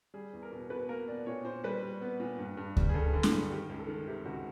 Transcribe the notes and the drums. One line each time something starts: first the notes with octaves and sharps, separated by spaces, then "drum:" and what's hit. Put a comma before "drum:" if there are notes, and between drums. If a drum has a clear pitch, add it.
G3 G#4
E2
A#4
B2
B2 B4
A#3 A#4
B2 D5
A#2 C#5
A#2 C5
G3 B4
G3
B3
A#2
G2
G2
G3, drum: kick D2
G#4
G2 A4
D3
G#4, drum: snare
G2
D#3 G4
C#2
A4
D#3
C3 G4
C#2 F#4